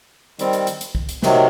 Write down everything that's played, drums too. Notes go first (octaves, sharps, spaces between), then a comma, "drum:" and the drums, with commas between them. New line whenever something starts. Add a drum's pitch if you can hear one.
D#3 G3 C4, drum: hi-hat
drum: hi-hat
drum: hi-hat
drum: hi-hat
drum: kick
drum: hi-hat
C3 D#3 F#3, drum: snare